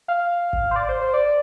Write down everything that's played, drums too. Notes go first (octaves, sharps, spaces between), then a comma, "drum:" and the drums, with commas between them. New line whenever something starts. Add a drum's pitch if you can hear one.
F5
drum: kick G#1
C5
D5
C5
C5
D5